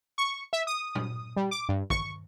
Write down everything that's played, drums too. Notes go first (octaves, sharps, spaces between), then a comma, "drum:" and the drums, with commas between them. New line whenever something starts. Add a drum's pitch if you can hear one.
C#6
E5
D#6
drum: tom A#2
G3
D6
G2
C#6, drum: kick